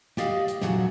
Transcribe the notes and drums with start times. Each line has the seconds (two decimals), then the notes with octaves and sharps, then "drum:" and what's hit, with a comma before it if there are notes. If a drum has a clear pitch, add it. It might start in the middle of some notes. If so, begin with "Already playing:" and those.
0.17 G4 D5 D#5 F5, drum: snare
0.48 drum: hi-hat
0.61 D#2 A#2 D3 F#3 D4 F#5, drum: snare